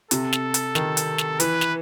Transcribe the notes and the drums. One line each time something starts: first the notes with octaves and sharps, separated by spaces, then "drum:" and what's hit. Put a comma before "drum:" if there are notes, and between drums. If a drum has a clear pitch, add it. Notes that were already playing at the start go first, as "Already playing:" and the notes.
C3 A4, drum: hi-hat
drum: snare
drum: hi-hat
D#3, drum: snare
drum: hi-hat
drum: snare
E3 B4, drum: hi-hat
drum: snare